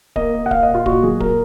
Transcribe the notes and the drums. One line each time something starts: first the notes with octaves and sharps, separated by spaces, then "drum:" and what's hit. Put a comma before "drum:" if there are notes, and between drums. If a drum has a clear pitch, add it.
A#3 D#5, drum: kick D1
A#3
F#5
A#3 F5, drum: kick D1
D#5
A#2
F4
A#2 F#4, drum: kick D1
F#3 G#4
A#2 A#4, drum: kick D1